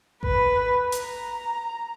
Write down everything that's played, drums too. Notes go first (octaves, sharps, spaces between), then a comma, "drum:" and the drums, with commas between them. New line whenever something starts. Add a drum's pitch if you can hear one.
B4, drum: kick A1
A#5, drum: hi-hat